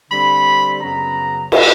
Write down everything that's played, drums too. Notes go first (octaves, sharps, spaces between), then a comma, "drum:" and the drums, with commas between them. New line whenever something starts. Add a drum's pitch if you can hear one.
D3 G3 C4 B5
F#2 C#3 F#3 B3 A#5
drum: cymbal